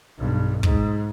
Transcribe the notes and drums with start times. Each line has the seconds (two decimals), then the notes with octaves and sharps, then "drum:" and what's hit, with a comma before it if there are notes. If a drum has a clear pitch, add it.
0.19 B1 G2
0.63 G#2, drum: kick